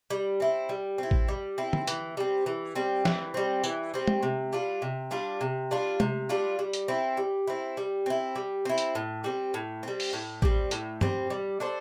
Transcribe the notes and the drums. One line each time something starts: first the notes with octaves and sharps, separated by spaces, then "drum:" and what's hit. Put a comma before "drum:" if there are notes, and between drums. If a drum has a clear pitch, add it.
G3
C4 E4
G3
C4 E4
drum: kick A1
G3
C4 E4
drum: tom
E3, drum: hi-hat
G3 C4
E3
G3 C4
E3, drum: snare
G3 C4
E3, drum: tambourine
G3 C4
drum: tom
C3
G3 D4 F4
C3
G3 D4 F4
C3
G3 D4 F4
C3, drum: tom
G3 D4 F4
G3
drum: hi-hat
C4 E4
G3
C4 E4
G3
C4 E4
G3
C4 E4
drum: hi-hat
A2
G3 C4
A2
G3 C4
drum: open hi-hat
A2
G3 C4, drum: kick A1
A2, drum: hi-hat
G3 C4, drum: tom
G3
D4 A4 C5